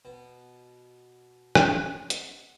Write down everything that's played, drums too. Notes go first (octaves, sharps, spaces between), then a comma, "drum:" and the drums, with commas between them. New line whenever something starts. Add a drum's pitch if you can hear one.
B2
drum: rim click
F#5, drum: hi-hat